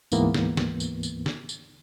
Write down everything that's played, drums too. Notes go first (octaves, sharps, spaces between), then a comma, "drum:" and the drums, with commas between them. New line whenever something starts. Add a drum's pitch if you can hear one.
D2 G#2 E3 A#3 B3, drum: tambourine
drum: snare
drum: snare
drum: tambourine
drum: tambourine
drum: snare
drum: tambourine